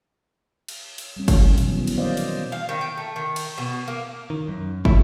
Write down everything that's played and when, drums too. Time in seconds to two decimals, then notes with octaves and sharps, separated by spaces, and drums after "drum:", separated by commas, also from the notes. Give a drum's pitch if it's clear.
0.68 drum: cymbal
0.98 drum: cymbal
1.16 G3 C#4
1.28 drum: kick, cymbal
1.58 B2 D#3 E3 F#3, drum: cymbal
1.87 drum: cymbal
1.97 D#3 A#3 C5 D5 D#5 F5
2.17 drum: cymbal
2.52 F5
2.69 D#3
2.81 G5
2.97 A3
3.16 D#3
3.36 drum: cymbal
3.58 B2
3.88 A#3
4.30 D#3
4.48 F#2
4.85 E4, drum: kick